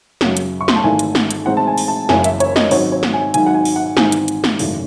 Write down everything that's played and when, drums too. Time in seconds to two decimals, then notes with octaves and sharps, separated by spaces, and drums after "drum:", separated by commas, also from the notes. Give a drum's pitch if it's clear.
0.21 F#2 C#3 F#3, drum: snare
0.37 drum: hi-hat
0.61 C#6
0.68 C6, drum: snare
0.76 A5
0.84 G#1 G#2 E3 A3 G#5
0.99 drum: hi-hat
1.15 drum: snare
1.31 drum: hi-hat
1.46 A2 E3 G#3 C4 D#4 F#5
1.57 A5
1.67 G#5
1.78 drum: open hi-hat
1.88 A5
2.09 F#1 F#2 C#3 E3 G#5, drum: snare
2.24 E5, drum: hi-hat
2.40 C#5, drum: hi-hat
2.56 D#5, drum: snare
2.71 G#1 G#2 F#3 C4 C#5, drum: open hi-hat
2.92 C#5
3.03 drum: snare
3.14 G#5
3.34 G#1 G#2 D#3 F#3 G#5, drum: hi-hat
3.46 F#5
3.55 G#5
3.65 drum: open hi-hat
3.76 F#5
3.97 G#1 G#2 E3 C4 D#4 G#5, drum: snare
4.12 drum: hi-hat
4.28 drum: hi-hat
4.44 drum: snare
4.59 G#1 F#2 C#3 E3 A3, drum: open hi-hat